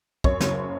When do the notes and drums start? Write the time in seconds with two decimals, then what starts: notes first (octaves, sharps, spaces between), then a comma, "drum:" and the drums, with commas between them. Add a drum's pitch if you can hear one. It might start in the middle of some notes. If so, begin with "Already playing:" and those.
0.24 F#2 C#5, drum: kick
0.40 F#1, drum: snare